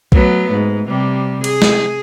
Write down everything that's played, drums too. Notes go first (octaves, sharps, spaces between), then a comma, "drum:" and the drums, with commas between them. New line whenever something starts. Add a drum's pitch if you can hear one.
F#3 A3 B3, drum: kick B1
G#2
C3 G3
G#4, drum: cymbal
drum: snare